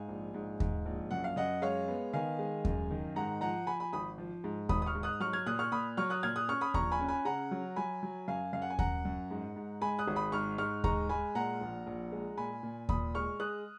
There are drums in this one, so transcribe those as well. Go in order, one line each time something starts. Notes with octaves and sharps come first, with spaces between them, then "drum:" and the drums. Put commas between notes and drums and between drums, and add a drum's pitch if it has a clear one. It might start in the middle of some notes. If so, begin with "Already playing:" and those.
Already playing: G#2 F5 G#5
A#1
G#2
G#2, drum: kick D#2
A#1
F#2 F#5
F5
F#2 D#5 F#5
G#3 C#5 F5
B3
D#3 F5 G#5
G#3
F#2, drum: kick D#2
D#3
G#2 F#5 A#5
F3 F#5 A#5
F3 G#5 B5
G#5 B5
G#1 B5 D#6
F3
G#2
G#1 B5 D#6, drum: kick D#2
D#6
C#6 F6
G#2
D#6 F#6
F#3 C#6 F6
F6 G#6
A#2 D#6 F#6
C#6 F6
A#2 B5 D#6
F#3 C#6 F6
D#6 F#6
A#2 F6 G#6
D#6 F#6
C#4 C#6 F6
B5 D#6
A#1 A#5 C#6, drum: kick D#2
G#5 B5
C#4
G#5 B5
C#3 F#5 A#5
F#3
F#3 G#5 B5
F#3
F#2 F5 G#5
F#2 F5
F#5
G#5
F#2 F#5 A#5, drum: kick D#2
F#2
G#2
G#2
G#3 G#5 B5
D#6 F#6
G#1
B5 D#6
G#2 C#6 F6
G#2 C#6 F6
G#3 A#5 C#6, drum: kick D#2
G#3 G#5 B5
A#2 F#5 A#5
A#1
A#1
G#3
A#2 G#5 B5
A#2
A#2 B5 D#6, drum: kick D#2
G#3 C#6 F6
G#3 D#6 F#6